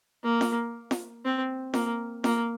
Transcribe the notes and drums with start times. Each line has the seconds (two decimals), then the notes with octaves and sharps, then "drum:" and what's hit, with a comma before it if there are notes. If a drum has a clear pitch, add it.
0.24 A#3
0.41 drum: snare
0.91 drum: snare
1.25 C4
1.74 A#3, drum: snare
2.24 A#3, drum: snare